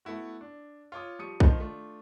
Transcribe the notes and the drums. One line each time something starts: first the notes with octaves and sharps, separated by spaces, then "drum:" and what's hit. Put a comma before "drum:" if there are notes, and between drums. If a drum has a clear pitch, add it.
A3 B3 E4 F#4
D4
F4 C#5 D6 D#6
F3 G3 C#6 D#6 C#7 D#7
D#3 F3 A3 D#4 C5, drum: kick A#1
A3 D4 F4